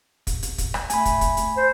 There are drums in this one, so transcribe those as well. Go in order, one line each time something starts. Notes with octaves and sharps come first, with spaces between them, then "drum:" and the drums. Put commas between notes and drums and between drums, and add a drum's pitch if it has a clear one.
drum: kick, hi-hat
drum: hi-hat
drum: kick, hi-hat
drum: rim click
A3 G#5 B5, drum: hi-hat
drum: kick, hi-hat
drum: kick, hi-hat
drum: hi-hat
C5